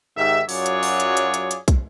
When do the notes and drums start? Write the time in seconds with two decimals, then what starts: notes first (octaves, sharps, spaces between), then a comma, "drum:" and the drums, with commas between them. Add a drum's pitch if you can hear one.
0.16 G#2 D#3 G4 E5
0.49 F#2 F#3 F4 G#4 C#5 D5, drum: open hi-hat
0.66 drum: hi-hat
0.83 drum: open hi-hat
1.00 drum: hi-hat
1.17 drum: hi-hat
1.34 drum: hi-hat
1.51 drum: hi-hat
1.68 drum: kick, hi-hat